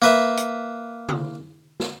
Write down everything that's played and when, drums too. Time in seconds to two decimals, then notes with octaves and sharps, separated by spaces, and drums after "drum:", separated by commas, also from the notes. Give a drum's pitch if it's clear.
0.02 A#3 B4 E5
0.37 drum: hi-hat
1.09 drum: tom
1.80 drum: snare